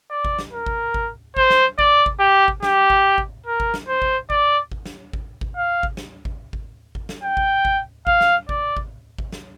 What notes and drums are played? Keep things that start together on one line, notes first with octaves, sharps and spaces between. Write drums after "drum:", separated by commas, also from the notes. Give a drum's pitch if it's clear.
D5
drum: kick G#1
drum: snare
A#4
drum: kick G#1
drum: kick G#1
C5, drum: kick G#1
drum: snare
D5, drum: kick G#1
drum: kick G#1
G4
drum: kick G#1
G4, drum: snare
drum: kick G#1
drum: kick G#1
A#4
drum: kick G#1
drum: snare
C5
drum: kick G#1
D5, drum: kick G#1
drum: kick G#1
drum: snare
drum: kick G#1
drum: kick G#1
F5
drum: kick G#1
drum: snare
drum: kick G#1
drum: kick G#1
drum: kick G#1
drum: snare
G5
drum: kick G#1
drum: kick G#1
F5, drum: kick G#1
drum: snare
D5, drum: kick G#1
drum: kick G#1
drum: kick G#1
drum: snare